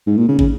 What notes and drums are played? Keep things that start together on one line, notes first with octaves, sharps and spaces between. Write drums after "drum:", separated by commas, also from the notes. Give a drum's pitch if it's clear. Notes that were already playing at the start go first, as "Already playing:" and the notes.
G#2
A#2
C#3
C#3, drum: kick